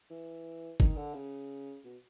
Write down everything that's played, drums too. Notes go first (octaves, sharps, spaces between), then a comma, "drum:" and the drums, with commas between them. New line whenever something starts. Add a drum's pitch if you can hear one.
E3
D#3, drum: kick G1
D3
C#3
B2